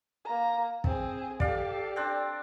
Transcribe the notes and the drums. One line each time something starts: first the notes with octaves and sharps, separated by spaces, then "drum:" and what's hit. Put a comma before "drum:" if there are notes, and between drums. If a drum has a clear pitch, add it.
A#3 A#5
C4 G#4, drum: kick
G4 A4 D5 F5, drum: kick
C4 D4